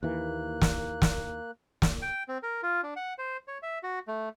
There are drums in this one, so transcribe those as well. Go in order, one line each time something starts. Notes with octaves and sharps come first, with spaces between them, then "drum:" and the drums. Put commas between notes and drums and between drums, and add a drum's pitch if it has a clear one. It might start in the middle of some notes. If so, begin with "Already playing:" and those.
D#2 E3 A#3 F#6
drum: snare
drum: snare
drum: snare
G5
C4
A#4
F4
D4
F#5
C5
C#5
E5
F#4
A3